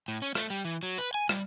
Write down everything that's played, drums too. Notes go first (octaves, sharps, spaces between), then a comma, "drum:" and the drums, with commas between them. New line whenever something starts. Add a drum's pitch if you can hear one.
A2
C#4
A3, drum: rim click
G3
E3
F#3
B4
G#5
G3, drum: rim click